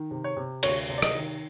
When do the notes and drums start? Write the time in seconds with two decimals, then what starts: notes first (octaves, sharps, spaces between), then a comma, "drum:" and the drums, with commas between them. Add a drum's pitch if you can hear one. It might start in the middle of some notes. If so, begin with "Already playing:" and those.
Already playing: D#3
0.11 C3
0.24 C#5
0.37 C3
0.63 D2 C#5, drum: cymbal
0.89 C3
0.98 D5
1.02 D#5, drum: rim click
1.15 D#3